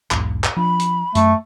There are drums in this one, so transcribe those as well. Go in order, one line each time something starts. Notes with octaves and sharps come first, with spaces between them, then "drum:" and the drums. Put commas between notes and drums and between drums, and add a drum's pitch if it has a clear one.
B1 E2 G#2, drum: clap
drum: clap
F3 D4 B5
drum: hi-hat
F#2 A3, drum: hi-hat